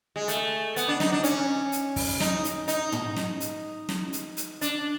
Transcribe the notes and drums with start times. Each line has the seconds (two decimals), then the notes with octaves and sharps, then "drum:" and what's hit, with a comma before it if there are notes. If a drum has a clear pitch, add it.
0.16 G#3
0.28 A3, drum: hi-hat
0.76 B3, drum: hi-hat
0.88 D4
1.00 D#4, drum: snare
1.12 D4
1.23 C#4, drum: hi-hat
1.72 drum: hi-hat
1.96 drum: kick, open hi-hat
2.20 D#4, drum: snare
2.44 drum: hi-hat
2.68 D#4, drum: hi-hat
2.92 drum: tom
3.16 drum: snare
3.40 drum: hi-hat
3.89 drum: snare
4.13 drum: hi-hat
4.37 drum: hi-hat
4.61 D4, drum: hi-hat